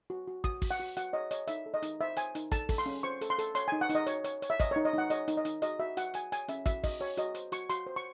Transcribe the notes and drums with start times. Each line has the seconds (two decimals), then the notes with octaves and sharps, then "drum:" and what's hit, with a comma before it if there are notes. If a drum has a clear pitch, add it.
0.10 F#4
0.27 F#4
0.44 F#4 D#6, drum: kick
0.62 F#4, drum: kick, open hi-hat
0.71 F#5
0.79 F#4
0.97 F#4 F#5, drum: hi-hat
1.13 C#5 D#5
1.31 C#5 D#5, drum: hi-hat
1.48 D#4 E5, drum: hi-hat
1.66 A4
1.74 D#5
1.83 D#4, drum: hi-hat
2.01 C5 E5
2.17 C5 G#5, drum: hi-hat
2.35 D#4, drum: hi-hat
2.52 A4 A5, drum: kick, hi-hat
2.69 A4, drum: kick, open hi-hat
2.78 C6
2.86 C#4
3.03 C5 C#6
3.21 A4, drum: hi-hat
3.30 C6
3.39 A4, drum: hi-hat
3.55 C#5 C6, drum: hi-hat
3.68 D#4 G#5
3.81 F#5
3.90 D#4, drum: hi-hat
3.95 D#5
4.07 C#5, drum: hi-hat
4.24 C#5, drum: hi-hat
4.42 C#5, drum: hi-hat
4.50 E5
4.60 C#5 D#5, drum: kick, hi-hat
4.71 D#4 C#5
4.85 D#5
4.93 D#4 F#5
5.10 C#5 D#5, drum: hi-hat
5.28 D#4, drum: hi-hat
5.37 D#5
5.45 D#4, drum: hi-hat
5.62 F#4 D#5, drum: hi-hat
5.79 F#4 E5
5.97 F#4 F#5, drum: hi-hat
6.14 F#4 G#5, drum: hi-hat
6.32 C#5 G#5, drum: hi-hat
6.48 C#4 E5, drum: hi-hat
6.66 F#4 E5, drum: kick, hi-hat
6.84 F#4 D#5, drum: kick, open hi-hat
7.00 F#4 C#5
7.17 F#4 D#5, drum: hi-hat
7.35 C5, drum: hi-hat
7.52 F#4 C#6, drum: hi-hat
7.70 F#4 C6, drum: hi-hat
7.87 C5
7.96 C#6